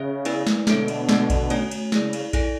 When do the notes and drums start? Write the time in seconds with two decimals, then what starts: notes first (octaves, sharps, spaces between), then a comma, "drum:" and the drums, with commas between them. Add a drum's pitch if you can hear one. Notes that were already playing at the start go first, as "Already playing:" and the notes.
Already playing: C#3 C#4 G#4 C#5 E5
0.25 B3 E4 B4 D5 G#5, drum: cymbal
0.47 drum: snare
0.67 B2 D3 D4 A4 C#5 E5, drum: snare
0.88 drum: cymbal
1.09 B3 F#4 A4, drum: snare
1.30 drum: kick A#1, cymbal
1.50 A3 C#4 F#4 C#5 G#5, drum: cymbal
1.71 drum: cymbal
1.92 C#3 E4 G#4 D5, drum: snare
2.13 drum: cymbal
2.33 E4 A4 D5 G#5, drum: kick A#1, cymbal